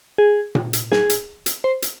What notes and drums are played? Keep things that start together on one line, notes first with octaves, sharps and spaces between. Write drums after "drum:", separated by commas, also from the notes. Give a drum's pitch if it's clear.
G#4
drum: tom A#2
drum: hi-hat
G#4, drum: snare
drum: hi-hat
drum: hi-hat
C5
drum: hi-hat